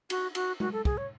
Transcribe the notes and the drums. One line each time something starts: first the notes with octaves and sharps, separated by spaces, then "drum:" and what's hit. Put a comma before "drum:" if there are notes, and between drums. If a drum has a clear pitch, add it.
F#4, drum: cymbal
F#4, drum: cymbal
F#4, drum: tom G#3
A4
G#4, drum: kick
C#5